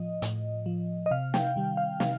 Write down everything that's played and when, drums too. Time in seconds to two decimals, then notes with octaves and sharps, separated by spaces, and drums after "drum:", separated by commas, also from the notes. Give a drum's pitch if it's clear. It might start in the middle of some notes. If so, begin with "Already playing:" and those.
Already playing: A2 F3 D#5
0.22 A2, drum: hi-hat
0.66 F3
1.06 D#5
1.11 C3 F5
1.34 G5, drum: snare
1.56 D#3 G3
1.77 F5
2.00 C3 F5, drum: snare